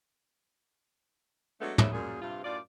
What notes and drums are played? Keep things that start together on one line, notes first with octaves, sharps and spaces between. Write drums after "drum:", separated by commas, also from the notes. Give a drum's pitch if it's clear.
F#3 G#3 A3 B3 D4
D#2 G#2 C#3 F#3 B3 E5, drum: tom
F#2 A#2 G#4
G2 C3 F4
F#2 A2 F4 D5